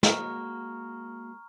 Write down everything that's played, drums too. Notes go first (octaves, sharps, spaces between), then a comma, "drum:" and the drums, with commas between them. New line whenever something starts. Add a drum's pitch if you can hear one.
G#3 A#3 F#4 A#5 C#6 F6, drum: snare